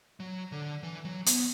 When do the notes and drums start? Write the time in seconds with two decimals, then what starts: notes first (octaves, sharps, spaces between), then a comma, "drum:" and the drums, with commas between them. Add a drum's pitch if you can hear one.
0.20 F#3
0.52 D3
0.83 E3
1.05 F#3
1.26 B3, drum: hi-hat